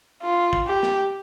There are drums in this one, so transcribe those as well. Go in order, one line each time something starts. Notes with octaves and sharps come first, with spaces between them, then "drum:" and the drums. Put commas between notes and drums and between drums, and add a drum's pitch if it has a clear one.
F4
drum: kick
G4
drum: snare